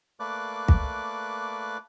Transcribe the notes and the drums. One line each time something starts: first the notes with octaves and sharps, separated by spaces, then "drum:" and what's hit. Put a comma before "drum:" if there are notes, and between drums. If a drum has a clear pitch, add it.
A3 A#3 B4 D5 D6 F#6
drum: kick